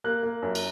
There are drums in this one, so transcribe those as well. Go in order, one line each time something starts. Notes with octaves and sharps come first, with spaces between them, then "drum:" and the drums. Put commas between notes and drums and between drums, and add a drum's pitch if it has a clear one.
A#3 F#6
A#3
F#2
drum: cymbal